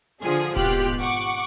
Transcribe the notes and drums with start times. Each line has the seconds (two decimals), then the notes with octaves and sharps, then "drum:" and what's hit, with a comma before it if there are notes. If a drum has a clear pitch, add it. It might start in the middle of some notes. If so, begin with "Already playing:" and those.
0.22 D3 F3 G#4
0.56 G#1 B2 F4 G4 F#6, drum: kick D#1
1.00 F#5 C#6 D6